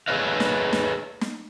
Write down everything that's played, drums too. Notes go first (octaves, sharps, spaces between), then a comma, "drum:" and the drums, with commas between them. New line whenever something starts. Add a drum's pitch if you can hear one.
G#4 A4 B4 C#5 D#5 F5
drum: snare
drum: snare
drum: snare